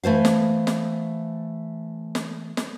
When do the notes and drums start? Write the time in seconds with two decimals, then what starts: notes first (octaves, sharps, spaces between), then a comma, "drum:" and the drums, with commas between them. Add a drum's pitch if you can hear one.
0.04 E3 A3 C5 F5
0.25 drum: snare
0.67 drum: snare
2.15 drum: snare
2.57 drum: snare